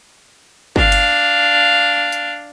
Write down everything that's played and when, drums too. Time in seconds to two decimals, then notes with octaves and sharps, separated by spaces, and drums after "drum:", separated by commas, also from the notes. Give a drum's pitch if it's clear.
0.76 D4 F5, drum: kick
0.92 drum: cymbal
2.12 drum: hi-hat